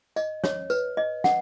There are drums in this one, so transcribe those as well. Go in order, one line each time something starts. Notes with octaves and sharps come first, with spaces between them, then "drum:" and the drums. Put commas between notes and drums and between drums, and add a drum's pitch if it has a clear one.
D#5, drum: tambourine
C#5, drum: snare
B4, drum: tambourine
D#5
F#5, drum: snare